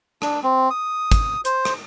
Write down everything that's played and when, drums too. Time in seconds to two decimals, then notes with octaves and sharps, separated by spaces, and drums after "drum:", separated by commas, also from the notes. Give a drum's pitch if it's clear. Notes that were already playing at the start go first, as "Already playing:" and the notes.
0.22 D4, drum: rim click
0.43 C4
0.70 D#6
1.12 drum: kick, hi-hat
1.45 C5, drum: hi-hat
1.65 drum: rim click